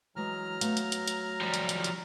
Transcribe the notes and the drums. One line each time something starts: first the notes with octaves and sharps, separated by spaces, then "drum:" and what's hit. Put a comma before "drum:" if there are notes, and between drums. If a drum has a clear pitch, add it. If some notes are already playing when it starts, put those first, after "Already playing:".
E3 F#3 G#3 A#5 F6
A3 B3 F5, drum: hi-hat
drum: hi-hat
drum: hi-hat
drum: hi-hat
F3 G3
drum: hi-hat
drum: hi-hat
drum: hi-hat